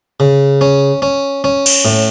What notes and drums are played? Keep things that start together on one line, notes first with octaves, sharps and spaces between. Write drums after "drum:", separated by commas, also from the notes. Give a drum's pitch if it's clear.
C#3
C#4
C#4
C#4
drum: cymbal
A2